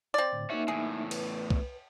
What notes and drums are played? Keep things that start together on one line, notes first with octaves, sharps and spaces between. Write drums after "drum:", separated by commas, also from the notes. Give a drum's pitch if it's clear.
C4 D5
A2 D3
A#3 C#4 D#4 F#4 E5
E2 A2 G#4
B4, drum: cymbal
drum: kick C2